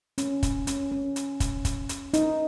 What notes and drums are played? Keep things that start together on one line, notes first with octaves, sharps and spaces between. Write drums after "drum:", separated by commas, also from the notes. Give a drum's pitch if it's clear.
C#4, drum: hi-hat
drum: kick, hi-hat
C#4, drum: hi-hat
C#4
drum: hi-hat
drum: kick, hi-hat
drum: kick, hi-hat
drum: hi-hat
D#4, drum: hi-hat